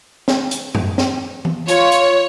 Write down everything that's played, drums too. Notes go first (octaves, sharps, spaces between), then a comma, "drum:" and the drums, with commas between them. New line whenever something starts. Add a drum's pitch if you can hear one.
drum: snare
drum: hi-hat
drum: tom F#2
drum: snare
drum: tom E3
F4 C#5, drum: hi-hat
drum: hi-hat